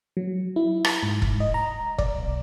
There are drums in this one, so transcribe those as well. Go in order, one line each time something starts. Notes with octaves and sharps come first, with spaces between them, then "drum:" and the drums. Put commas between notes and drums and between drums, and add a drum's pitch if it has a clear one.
F#3
E4
drum: rim click
G#2
drum: kick E1
D#5
A#5
D5, drum: kick E1
B1